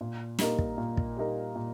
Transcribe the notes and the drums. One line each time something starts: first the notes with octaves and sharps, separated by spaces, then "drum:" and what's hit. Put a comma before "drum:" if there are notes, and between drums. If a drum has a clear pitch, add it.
A#2
G3 A#3 D#4 A#4, drum: snare
drum: kick
A#2
drum: kick
G3 A#3 D#4 A#4
A#2